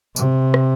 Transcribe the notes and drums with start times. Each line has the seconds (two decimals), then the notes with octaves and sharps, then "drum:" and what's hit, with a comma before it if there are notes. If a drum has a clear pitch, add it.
0.16 C3, drum: tambourine
0.54 drum: rim click